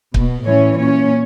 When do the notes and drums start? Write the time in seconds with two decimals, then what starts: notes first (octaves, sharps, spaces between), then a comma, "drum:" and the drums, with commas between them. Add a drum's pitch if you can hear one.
0.14 B2, drum: kick
0.45 A2 E3 C#4 C#5
0.77 A#2 C#4 C#5